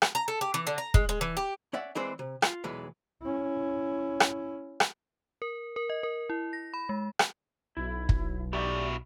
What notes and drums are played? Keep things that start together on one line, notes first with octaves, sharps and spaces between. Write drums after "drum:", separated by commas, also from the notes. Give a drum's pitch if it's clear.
drum: rim click
A#5
A4
G4
E3
D3
A#5
G#3, drum: kick
G#3
E3
G4
C#4 D5 E5 F#5
E3 G#3 C4 G#4 C5 D5
C3
F4, drum: rim click
B1 E2 E3 G#3 B4
C#4 E4
drum: rim click
drum: rim click
A#4
A#4
D#5
A#4
E4
A#6
B5
G#3
drum: rim click
B1 E4
drum: kick
E4 F#4 G4 D5 E5